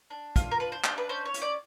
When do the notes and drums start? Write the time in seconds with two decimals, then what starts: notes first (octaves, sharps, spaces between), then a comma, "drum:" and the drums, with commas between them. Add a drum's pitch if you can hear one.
0.10 D4
0.36 F4, drum: kick, hi-hat
0.51 A#4
0.60 D4 B4
0.72 C5
0.84 D4 C5, drum: clap
0.98 B4
1.09 C#4 C5
1.25 C#5
1.34 C#4, drum: hi-hat
1.42 D5